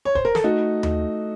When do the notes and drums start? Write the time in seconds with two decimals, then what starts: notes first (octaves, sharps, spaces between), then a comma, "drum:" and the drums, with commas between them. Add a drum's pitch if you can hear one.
0.05 C#5
0.15 C5, drum: kick E1
0.25 A#4
0.35 A4, drum: snare
0.44 A3 D#4 F#4
0.83 D#4, drum: tom D#2